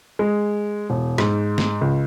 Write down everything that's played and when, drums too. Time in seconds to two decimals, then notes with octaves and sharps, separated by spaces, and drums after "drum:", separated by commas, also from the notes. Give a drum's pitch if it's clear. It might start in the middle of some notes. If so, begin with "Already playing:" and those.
0.19 G#3
0.90 E1
1.18 G#2, drum: rim click
1.58 drum: snare
1.81 C#2